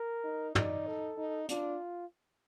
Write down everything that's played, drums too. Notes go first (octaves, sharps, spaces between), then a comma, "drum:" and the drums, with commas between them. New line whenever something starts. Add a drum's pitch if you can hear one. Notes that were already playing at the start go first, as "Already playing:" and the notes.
Already playing: A#4
D#4
D#4 D5, drum: tom
A4
D#4
D4 F4, drum: hi-hat